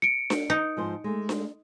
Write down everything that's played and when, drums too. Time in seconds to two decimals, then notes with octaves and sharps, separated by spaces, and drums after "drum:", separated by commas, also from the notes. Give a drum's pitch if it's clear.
0.02 C#7 D7
0.30 drum: snare D4
0.50 D#4
0.77 G#2 F3 C5
1.04 G#3 A3
1.29 drum: snare D4